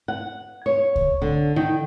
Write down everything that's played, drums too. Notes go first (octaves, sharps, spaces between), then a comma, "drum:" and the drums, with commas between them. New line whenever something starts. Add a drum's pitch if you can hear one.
F#5
C#5
drum: kick C#2
D3
D#3